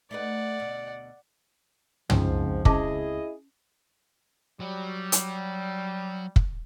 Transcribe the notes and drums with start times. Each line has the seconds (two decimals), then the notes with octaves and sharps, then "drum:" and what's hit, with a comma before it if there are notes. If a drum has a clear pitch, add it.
0.11 A3 D#4 B4 D5 F#5
0.60 D2 B2
2.10 C#2 G#2 F3 C4, drum: tom
2.65 C#4 E4 G#4 D#5 A5 D6, drum: kick
4.60 F#3 G3
5.12 drum: hi-hat
6.36 drum: kick